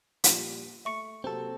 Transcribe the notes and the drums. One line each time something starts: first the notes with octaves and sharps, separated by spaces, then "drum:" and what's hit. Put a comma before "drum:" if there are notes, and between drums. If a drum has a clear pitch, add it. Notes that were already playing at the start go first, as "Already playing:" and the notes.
A#2 F3 G3, drum: hi-hat
A3 E5 C#6 C#7
C3 F#3 A#3 C4 A4